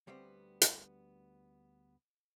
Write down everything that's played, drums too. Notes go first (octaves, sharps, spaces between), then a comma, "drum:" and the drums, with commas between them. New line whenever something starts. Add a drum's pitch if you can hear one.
D2 G3 B3 C4
drum: hi-hat